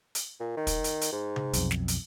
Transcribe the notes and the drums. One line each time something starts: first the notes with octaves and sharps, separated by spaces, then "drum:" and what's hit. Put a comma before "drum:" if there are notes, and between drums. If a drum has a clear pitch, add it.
drum: hi-hat
A#2
D#3
drum: kick, hi-hat
drum: hi-hat
drum: hi-hat
G#2
drum: tom C3
B1 F2, drum: hi-hat
drum: snare
drum: hi-hat